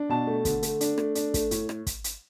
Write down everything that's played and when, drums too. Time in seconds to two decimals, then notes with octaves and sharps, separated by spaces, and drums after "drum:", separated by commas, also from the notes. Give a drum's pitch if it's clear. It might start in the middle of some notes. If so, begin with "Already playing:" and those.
Already playing: D4
0.09 B2 A5
0.27 A3
0.45 D3, drum: kick, hi-hat
0.63 A3, drum: hi-hat
0.81 D4, drum: hi-hat
0.98 A3, drum: rim click
1.15 D4, drum: hi-hat
1.34 A3, drum: kick, hi-hat
1.51 A2, drum: hi-hat
1.69 drum: rim click
1.87 drum: kick, hi-hat
2.04 drum: hi-hat